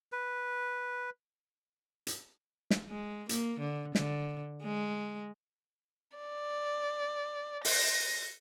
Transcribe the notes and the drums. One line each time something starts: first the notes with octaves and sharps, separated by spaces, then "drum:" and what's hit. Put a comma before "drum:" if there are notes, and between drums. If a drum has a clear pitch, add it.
B4
drum: hi-hat
drum: snare
G#3
A#3, drum: hi-hat
D3
D3, drum: snare
G#3
D5
A#6, drum: open hi-hat